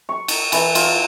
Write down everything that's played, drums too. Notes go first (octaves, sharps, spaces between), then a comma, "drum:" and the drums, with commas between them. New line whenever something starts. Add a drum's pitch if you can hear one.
C#6
drum: cymbal
E3, drum: cymbal
F4, drum: cymbal